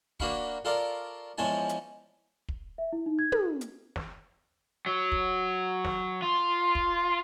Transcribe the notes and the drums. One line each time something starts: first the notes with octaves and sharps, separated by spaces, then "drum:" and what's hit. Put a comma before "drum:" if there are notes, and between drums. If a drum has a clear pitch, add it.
A#3 D4 F#4 F5 B5 C#6, drum: kick
F4 A4 A#4 D5 F5 C#6
E2 F3 G#3 C#4 G#5 A5
drum: hi-hat
drum: kick
E5
E4
D#4
G#6
A4, drum: tom
drum: hi-hat
drum: snare
F#3
drum: kick
drum: snare
F4
drum: kick